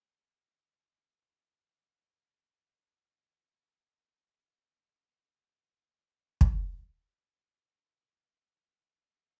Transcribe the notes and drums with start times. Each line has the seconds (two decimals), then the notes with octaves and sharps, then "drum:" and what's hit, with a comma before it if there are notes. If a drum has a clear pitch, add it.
0.13 D#2 G#2 F#3 C#4 D#5 A#5
0.29 C#4 D4 G#4 A4 B4
1.78 G2 G#3 C4 E4 A4
1.92 F#3
2.71 B2 D3 G#3 F#4
3.12 E4
3.34 G2 A#2
3.50 C#3 A#3
3.90 C6
4.02 F6
4.24 C#6
4.39 G4
4.54 C4
4.83 C#3
5.31 D#3 G#3
6.41 drum: kick
7.88 A1 E3 B3 A4